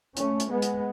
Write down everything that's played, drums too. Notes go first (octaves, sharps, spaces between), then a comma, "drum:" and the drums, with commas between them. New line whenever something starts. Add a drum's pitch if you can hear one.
A3 C#4, drum: hi-hat
drum: hi-hat
G#3 B3
drum: hi-hat